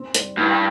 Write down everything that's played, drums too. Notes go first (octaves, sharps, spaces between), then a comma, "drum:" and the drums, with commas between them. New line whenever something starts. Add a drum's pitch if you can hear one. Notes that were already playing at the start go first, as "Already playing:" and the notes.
Already playing: C4
G3, drum: hi-hat
G2 E4